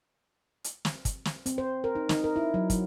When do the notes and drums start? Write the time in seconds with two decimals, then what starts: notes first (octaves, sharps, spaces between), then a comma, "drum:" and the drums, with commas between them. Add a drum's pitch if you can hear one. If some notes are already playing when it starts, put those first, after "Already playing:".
0.64 drum: hi-hat
0.85 drum: snare
1.05 drum: kick, hi-hat
1.25 drum: snare
1.46 C4, drum: hi-hat
1.58 C5
1.84 A#4
1.95 D#4
2.09 D#4, drum: snare
2.24 A#4
2.36 E4
2.54 F#3
2.70 F#3, drum: kick, hi-hat